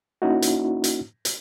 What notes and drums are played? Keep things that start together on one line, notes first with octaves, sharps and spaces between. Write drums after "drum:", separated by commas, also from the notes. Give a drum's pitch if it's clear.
A#3 C#4 D#4 E4 F#4
drum: hi-hat
drum: hi-hat
drum: hi-hat